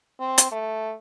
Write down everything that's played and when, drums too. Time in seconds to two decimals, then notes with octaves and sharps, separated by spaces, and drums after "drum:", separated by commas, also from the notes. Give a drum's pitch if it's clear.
0.20 C4
0.38 drum: hi-hat
0.52 A3